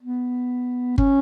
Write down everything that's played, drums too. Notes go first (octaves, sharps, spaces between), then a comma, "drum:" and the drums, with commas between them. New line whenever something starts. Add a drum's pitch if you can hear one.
B3
C#4, drum: kick G1